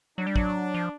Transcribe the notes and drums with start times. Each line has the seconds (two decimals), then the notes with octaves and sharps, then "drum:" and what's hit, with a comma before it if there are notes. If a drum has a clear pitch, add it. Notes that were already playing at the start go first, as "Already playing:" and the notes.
0.18 F#3 D4
0.27 G3
0.36 F#3, drum: kick
0.74 F3